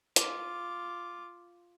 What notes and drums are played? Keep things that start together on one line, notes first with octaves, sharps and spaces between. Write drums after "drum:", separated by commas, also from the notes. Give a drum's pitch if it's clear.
F4 D6, drum: hi-hat